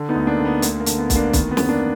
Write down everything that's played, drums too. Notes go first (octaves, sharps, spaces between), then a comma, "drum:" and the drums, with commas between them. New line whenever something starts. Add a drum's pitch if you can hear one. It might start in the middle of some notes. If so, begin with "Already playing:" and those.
Already playing: D3
B3 D#4
D2
A#3 D4
D3
B3
D2 A#3, drum: hi-hat
A#3
D3, drum: hi-hat
B3
D2, drum: kick B1, hi-hat
A#3 D4
D#3 B3, drum: kick B1, hi-hat
B3
F2, drum: snare
A#3 D4